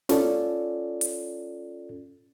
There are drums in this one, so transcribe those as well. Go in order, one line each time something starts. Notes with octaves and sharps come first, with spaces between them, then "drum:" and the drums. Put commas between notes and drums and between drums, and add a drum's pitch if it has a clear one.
C#4 F4 A4 D5, drum: snare
drum: hi-hat